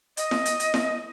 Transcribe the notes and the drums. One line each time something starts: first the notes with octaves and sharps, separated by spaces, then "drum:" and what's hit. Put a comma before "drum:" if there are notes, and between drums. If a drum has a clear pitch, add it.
D#5, drum: hi-hat
drum: snare E4
drum: hi-hat
drum: hi-hat
drum: snare E4